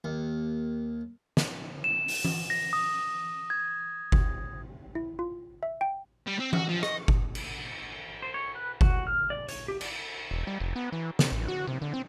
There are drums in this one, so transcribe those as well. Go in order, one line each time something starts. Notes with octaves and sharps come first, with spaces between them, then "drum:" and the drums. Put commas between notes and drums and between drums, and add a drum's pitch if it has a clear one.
D#2
drum: snare
E7
drum: open hi-hat
drum: tom E3
A#6
D#6
G#6
drum: kick F#1
E4
F4
E5
G5
G3
C4
F#4, drum: tom E3
F3
D#5, drum: rim click
drum: kick F#1
drum: cymbal
C5
C#5
B4
F#4, drum: kick F#1
F6
D5
C#5, drum: hi-hat
G4
D5, drum: cymbal
E1
G3
F1
B3
E3
C3, drum: snare
A1
F#4
C3
D3
C4